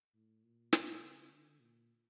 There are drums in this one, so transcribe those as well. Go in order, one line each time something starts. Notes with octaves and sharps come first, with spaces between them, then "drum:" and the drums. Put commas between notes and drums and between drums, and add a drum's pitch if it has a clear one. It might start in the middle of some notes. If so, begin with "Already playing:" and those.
A2
A#2
B2, drum: snare
C#3
D3
A#2